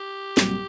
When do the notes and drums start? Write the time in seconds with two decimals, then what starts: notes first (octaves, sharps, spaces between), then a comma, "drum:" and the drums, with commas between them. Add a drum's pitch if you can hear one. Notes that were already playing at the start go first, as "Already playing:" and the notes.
Already playing: G4
0.37 C2 A#2 F#3, drum: snare